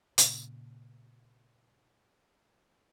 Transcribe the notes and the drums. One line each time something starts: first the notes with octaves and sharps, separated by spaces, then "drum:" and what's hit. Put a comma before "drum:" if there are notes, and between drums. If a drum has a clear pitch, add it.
A#2 C#3, drum: hi-hat